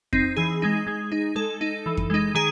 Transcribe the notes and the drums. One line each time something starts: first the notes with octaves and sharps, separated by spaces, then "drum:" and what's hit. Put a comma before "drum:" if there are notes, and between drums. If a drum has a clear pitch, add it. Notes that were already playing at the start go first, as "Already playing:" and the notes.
C4 D#4, drum: kick F2
E3 G#4
G#3 D#4
G#3
D#4
G#3 A4
D#4
E3
drum: kick F2
G#3 D#4
D#3 G#4